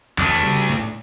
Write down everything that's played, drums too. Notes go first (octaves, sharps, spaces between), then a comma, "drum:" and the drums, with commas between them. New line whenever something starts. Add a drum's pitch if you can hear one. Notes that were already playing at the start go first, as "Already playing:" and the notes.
E2 A3 D4, drum: clap
C#3 G3
A2